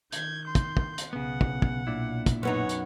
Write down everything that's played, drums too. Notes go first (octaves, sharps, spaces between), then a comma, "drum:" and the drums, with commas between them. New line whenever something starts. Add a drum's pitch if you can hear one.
D#3 G6 G#6, drum: hi-hat
C6 G6
drum: kick, hi-hat
drum: kick
drum: hi-hat
B1 C#3 B3 F#5
drum: kick
drum: kick
A#2 D4 E4
drum: kick, hi-hat
F#2 B3 D#4 C#5 F#5
drum: hi-hat